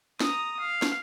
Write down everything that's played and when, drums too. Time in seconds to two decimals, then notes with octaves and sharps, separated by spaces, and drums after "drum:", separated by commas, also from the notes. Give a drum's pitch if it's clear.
0.20 A#5 D#6, drum: snare
0.60 F5
0.82 drum: snare